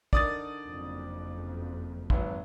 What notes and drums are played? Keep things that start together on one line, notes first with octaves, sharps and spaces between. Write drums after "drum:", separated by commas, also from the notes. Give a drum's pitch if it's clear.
D3 D#4 A#4 D5 D#6 A6, drum: kick
F#1 F2
G#1 F#3 B4, drum: kick